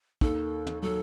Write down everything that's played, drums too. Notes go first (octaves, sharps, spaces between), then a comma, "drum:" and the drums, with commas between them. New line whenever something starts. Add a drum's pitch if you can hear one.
D#2 D#3 A4, drum: kick
drum: tom
F#3 A4